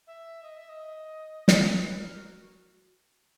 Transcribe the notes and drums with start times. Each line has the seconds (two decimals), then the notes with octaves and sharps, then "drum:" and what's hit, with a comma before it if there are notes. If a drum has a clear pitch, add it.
0.07 E5
0.43 D#5
0.56 E5
0.69 D#5
1.48 C#5, drum: snare
1.64 B4
1.82 B4
2.00 A#4
2.16 F#4